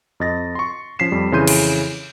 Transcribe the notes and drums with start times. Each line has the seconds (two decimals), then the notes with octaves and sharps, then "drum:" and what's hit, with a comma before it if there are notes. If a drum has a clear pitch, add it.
0.20 F2 D#5 A6 A#6
0.55 C6 C#6
0.99 F3 C#4 B6 C7 E7
1.12 F2 G3
1.32 F2 C#3 E3 C6 G6 D#7
1.47 drum: cymbal